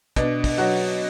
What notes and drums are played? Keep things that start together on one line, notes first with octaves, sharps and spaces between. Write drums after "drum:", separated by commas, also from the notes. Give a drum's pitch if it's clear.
B2 D4, drum: kick, hi-hat
drum: kick, open hi-hat
F#3 F#4
drum: open hi-hat